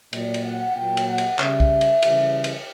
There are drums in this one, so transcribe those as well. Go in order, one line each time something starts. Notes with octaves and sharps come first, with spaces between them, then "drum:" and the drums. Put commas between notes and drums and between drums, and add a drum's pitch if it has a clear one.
A#2 F#3 D5, drum: cymbal
drum: cymbal
F#5
A#2 F#3 G5
drum: cymbal
F#5
drum: cymbal
C#3 G3 E5, drum: clap
drum: kick B1
drum: cymbal
C#3 E3 G3, drum: cymbal
drum: cymbal